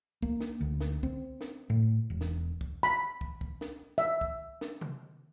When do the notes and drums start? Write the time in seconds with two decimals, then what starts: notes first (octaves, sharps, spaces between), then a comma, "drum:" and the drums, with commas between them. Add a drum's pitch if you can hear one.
0.23 A#3, drum: kick
0.40 drum: snare
0.61 D2
0.81 drum: snare
1.03 C4, drum: kick
1.41 drum: snare
1.70 A2
2.10 E1
2.21 drum: snare
2.61 drum: kick
2.83 B5
3.21 drum: kick
3.41 drum: kick
3.61 drum: snare
3.98 E5
4.21 drum: kick
4.61 drum: snare
4.81 drum: tom C3